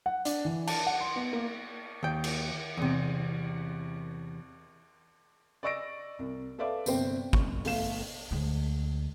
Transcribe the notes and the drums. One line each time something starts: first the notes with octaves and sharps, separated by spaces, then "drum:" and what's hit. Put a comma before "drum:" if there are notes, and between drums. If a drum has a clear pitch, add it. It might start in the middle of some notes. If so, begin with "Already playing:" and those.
F#5
D4, drum: hi-hat
E3
A5, drum: cymbal
F#5
C6
B3
A#3
D#2 G5
drum: cymbal
E2 C3
D5 D#5 C#6 E6 A#6 D7
C2
A4 B4 D5 E5 F5 D6
G1 C3 C4 C5 G5, drum: tambourine
F#1 C#6, drum: kick G1
G1 A3 F5 E7, drum: open hi-hat
D2 G#3